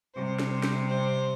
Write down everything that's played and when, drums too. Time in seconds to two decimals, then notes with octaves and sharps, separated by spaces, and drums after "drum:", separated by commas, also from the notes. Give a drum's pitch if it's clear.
0.15 C3 G3 C4 C5
0.39 drum: snare
0.51 C5
0.63 drum: snare
0.88 C5